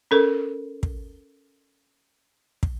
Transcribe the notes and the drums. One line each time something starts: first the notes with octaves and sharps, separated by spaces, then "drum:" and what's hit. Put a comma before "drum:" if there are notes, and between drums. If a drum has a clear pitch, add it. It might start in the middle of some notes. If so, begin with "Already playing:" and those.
C#4 A4 A#4
drum: kick
drum: kick